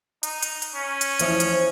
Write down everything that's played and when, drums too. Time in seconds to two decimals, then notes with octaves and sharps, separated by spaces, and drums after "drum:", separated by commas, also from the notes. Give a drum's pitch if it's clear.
0.23 D#4, drum: hi-hat
0.43 drum: hi-hat
0.62 drum: hi-hat
0.75 C#4
1.01 drum: hi-hat
1.19 E2 F3 E4, drum: hi-hat
1.40 drum: hi-hat